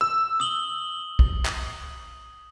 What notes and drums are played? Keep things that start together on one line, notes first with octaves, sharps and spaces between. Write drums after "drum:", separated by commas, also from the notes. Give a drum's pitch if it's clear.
E6
D#6 F#7 G7
drum: kick
drum: clap